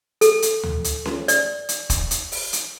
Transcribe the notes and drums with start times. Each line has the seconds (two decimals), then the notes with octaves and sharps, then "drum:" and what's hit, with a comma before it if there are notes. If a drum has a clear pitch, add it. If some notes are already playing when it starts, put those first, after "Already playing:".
0.21 A4, drum: hi-hat
0.42 drum: hi-hat
0.63 drum: tom D2
0.84 drum: hi-hat
1.05 drum: snare C#4
1.28 D5, drum: hi-hat
1.69 drum: hi-hat
1.90 drum: kick, hi-hat
2.11 drum: hi-hat
2.32 drum: open hi-hat
2.53 drum: hi-hat